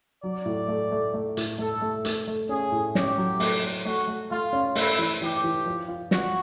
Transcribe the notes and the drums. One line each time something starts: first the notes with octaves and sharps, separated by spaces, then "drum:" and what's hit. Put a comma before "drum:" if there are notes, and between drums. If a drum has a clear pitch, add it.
F#3 D5
A2
A3
A3
A3
A2, drum: hi-hat
A3 A4
A3
A3, drum: hi-hat
A3
C#4 G#4
A2
C#4 G4, drum: snare
F#3
A3, drum: open hi-hat
A3
A3 F#4
A3
A3 F4
C#4
A3 E4, drum: open hi-hat
E3
E3 G4
E3
F3
F4
F3 F#4, drum: snare